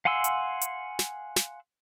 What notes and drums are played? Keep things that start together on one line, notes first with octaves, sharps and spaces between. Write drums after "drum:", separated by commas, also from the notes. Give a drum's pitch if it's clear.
F5 F#5 G#5 C6 E6
drum: hi-hat
drum: hi-hat
drum: snare
drum: snare